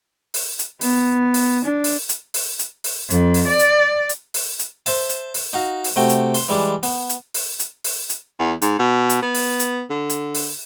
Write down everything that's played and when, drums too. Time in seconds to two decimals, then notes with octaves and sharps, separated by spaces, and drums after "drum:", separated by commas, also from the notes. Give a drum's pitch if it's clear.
0.34 drum: open hi-hat
0.59 drum: hi-hat
0.81 B3, drum: open hi-hat
1.34 drum: open hi-hat
1.64 D4
1.84 drum: open hi-hat
2.09 drum: hi-hat
2.34 drum: open hi-hat
2.59 drum: hi-hat
2.84 drum: open hi-hat
3.10 F2, drum: hi-hat
3.34 drum: open hi-hat
3.48 D5
3.59 drum: hi-hat
4.09 drum: hi-hat
4.34 drum: open hi-hat
4.59 drum: hi-hat
4.86 C5 E5 A5, drum: open hi-hat
5.09 drum: hi-hat
5.34 drum: open hi-hat
5.53 D#4 F#4 F5
5.84 drum: open hi-hat
5.96 C3 A3 F#4 G5
6.09 drum: hi-hat
6.34 C6, drum: open hi-hat
6.49 E3 G3 G#3 D4
6.83 B3, drum: open hi-hat
7.09 drum: hi-hat
7.34 drum: open hi-hat
7.59 drum: hi-hat
7.84 drum: open hi-hat
8.09 drum: hi-hat
8.39 E2
8.62 G#2, drum: hi-hat
8.79 B2
9.09 drum: hi-hat
9.22 B3
9.35 drum: open hi-hat
9.60 drum: hi-hat
9.90 D3
10.10 drum: hi-hat
10.35 drum: open hi-hat